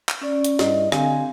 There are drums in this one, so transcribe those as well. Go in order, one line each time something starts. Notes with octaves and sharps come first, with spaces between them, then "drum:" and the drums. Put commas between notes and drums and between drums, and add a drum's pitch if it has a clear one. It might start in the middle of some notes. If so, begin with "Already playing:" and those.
drum: clap
C#4 D5
drum: hi-hat
G2 E4 D#5, drum: snare
D3 C4 G4 F5 G#5, drum: rim click